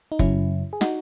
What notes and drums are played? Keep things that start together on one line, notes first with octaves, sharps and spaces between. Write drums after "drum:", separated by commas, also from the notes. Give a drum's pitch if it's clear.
D#4
F#2 C#3 F#3 C#4 E4, drum: kick F1
G#4
D#4 F#4, drum: snare